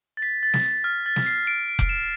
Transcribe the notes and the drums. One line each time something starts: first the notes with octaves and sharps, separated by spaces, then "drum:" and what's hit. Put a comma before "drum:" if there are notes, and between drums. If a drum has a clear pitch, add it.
A6
B6
A6
drum: snare
F6
A6
drum: snare
C7
D7
D7
drum: kick F1
E7